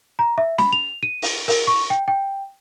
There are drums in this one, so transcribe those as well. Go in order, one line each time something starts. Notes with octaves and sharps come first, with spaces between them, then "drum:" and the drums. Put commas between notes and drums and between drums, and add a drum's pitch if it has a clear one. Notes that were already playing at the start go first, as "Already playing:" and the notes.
A#5
E5
B5, drum: snare
F7
D#7
drum: open hi-hat
A#4, drum: open hi-hat
C#6
G5
G5